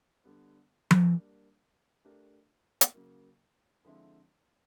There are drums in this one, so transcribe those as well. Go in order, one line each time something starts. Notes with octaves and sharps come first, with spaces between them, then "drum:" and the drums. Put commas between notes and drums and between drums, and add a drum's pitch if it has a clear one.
D3 G3 B3
drum: tom F3
G3 A#3 D4
A3 D4 G4 A#4
drum: hi-hat
C#3 F#3 A#3
D3 F3 G#3 C4 E4